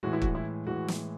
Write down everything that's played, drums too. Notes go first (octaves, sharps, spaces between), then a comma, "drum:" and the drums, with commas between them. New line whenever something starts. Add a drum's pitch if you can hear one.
A2 E3 G#3 F#4
E4
F#4, drum: kick
E4
A2 E3 G#3 F#4
drum: snare